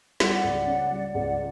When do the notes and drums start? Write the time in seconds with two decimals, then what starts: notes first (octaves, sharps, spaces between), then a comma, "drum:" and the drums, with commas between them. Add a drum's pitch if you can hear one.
0.20 G3 D5 F#5, drum: snare
0.44 C#2
0.67 C#4
0.91 G3
1.14 C#2 D5 F#5